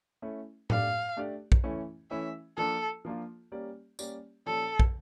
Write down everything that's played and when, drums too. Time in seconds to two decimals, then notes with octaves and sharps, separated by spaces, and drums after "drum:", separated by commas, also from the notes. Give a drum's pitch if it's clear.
0.22 A3 C#4 E4
0.70 A3 D4 G4 D5 F5, drum: tom A2
1.17 A3 D4 G4 D5
1.52 drum: kick
1.63 E3 A3 C#4 E4
2.11 E3 A3 C#4 E4 E5
2.57 F3 A#3 D4 F4 A4
3.05 F3 A#3 D4 F4
3.52 G3 A#3 C#4 G4 D5
3.99 G3 A#3 C#4 G4 D5, drum: tambourine
4.46 A#2 F3 C#4 G4 A4 D5
4.80 drum: kick